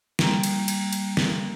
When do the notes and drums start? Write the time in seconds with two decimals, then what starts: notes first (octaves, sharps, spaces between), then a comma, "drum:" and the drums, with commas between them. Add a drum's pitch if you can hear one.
0.19 G3 A#3 A#5, drum: snare
0.43 drum: cymbal
0.68 drum: cymbal
0.93 drum: cymbal
1.17 drum: snare